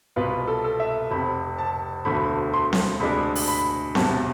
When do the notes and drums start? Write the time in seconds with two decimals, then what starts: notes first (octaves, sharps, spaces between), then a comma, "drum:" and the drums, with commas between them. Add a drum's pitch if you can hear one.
0.16 C2 B2 B3 F4 B4
0.48 A4
0.64 A4
0.80 E5
1.11 F1 F2 C3 B5
1.58 A5
2.05 E1 D2 D3 B5
2.54 C6
2.73 drum: snare C4
3.00 D2 C3 G#3 D4 B5
3.36 drum: open hi-hat
3.48 B5
3.95 E1 E2 C3 A5, drum: snare C4